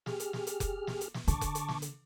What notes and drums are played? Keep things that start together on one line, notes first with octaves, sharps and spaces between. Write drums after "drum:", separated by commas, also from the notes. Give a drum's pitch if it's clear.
G4 G#4 F6, drum: snare
drum: hi-hat
drum: snare
drum: hi-hat
drum: kick F1, hi-hat
drum: snare
drum: hi-hat
drum: snare
D3 A5 C#6 D6, drum: hi-hat
drum: kick F1, hi-hat
drum: hi-hat
drum: snare
drum: hi-hat